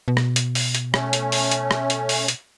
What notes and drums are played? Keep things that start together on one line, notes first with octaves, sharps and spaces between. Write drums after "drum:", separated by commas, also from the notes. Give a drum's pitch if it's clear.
B2
drum: rim click
drum: hi-hat
drum: open hi-hat
drum: hi-hat
A3 C#4, drum: rim click
drum: hi-hat
drum: open hi-hat
drum: hi-hat
drum: rim click
drum: hi-hat
drum: open hi-hat
drum: hi-hat